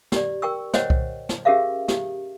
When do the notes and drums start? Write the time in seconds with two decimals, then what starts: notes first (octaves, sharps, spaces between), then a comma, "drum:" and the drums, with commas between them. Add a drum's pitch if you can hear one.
0.12 G4 D5, drum: snare
0.42 A#4 G5 C#6 E6
0.73 C5 C#5 D#5 F#5 G5, drum: snare
0.90 drum: kick C2
1.29 drum: snare
1.45 C#4 G4 G#4 A#4 E5 F5
1.88 G4, drum: snare